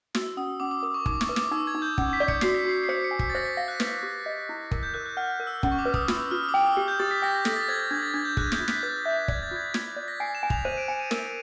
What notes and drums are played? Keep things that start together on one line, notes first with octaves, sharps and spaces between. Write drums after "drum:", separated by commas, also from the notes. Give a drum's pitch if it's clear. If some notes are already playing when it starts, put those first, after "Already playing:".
F#4 E6, drum: snare
C#4 D#6
C#4 D6
D6
A#4 D6
C#6
D#4 D6, drum: kick
C#6, drum: snare
B4
D6, drum: snare
D#4 E6
G#6
D#4
G6
C#4, drum: kick
B6
D5
C#7, drum: kick
F#4 C7, drum: snare
B6
F#4 C7
C7
C5 C#7
C#7
G#5
B6, drum: kick
A6
C5 A#6
B6
F5 A#6
F#6
B4, drum: snare
G4
D#5
E4
A#4, drum: kick
G6
A#4 F#6
F#6
F#5 F6
A#4
E6
C#4, drum: kick
C#6
D6
B4
D#6, drum: kick
F4 E6, drum: snare
E6
F4 F6
E6
D6
G5 D#6
E6
G4
G6
G4 A6
B6
G5 A#6
A#6
A4 A#6, drum: snare
A6
C5 G#6
G#6
D4 G#6
A6
D4 G#6
G6
G#4 F#6, drum: kick
G6, drum: snare
F4
B6, drum: snare
B4 A6
E5 G6
D5 G#6, drum: kick
A6
F4 G#6
F4 G#6, drum: snare
G#6
D5
A#6
G#5 C7
E7
G#5
F7, drum: kick
C5 D#7
D7
G#5 C#7
D#7
A#4, drum: snare